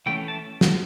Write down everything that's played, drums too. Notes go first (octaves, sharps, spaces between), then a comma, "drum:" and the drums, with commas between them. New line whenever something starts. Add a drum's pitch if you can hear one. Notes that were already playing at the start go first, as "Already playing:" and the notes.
E3 A3 C#4 G5
A5
drum: snare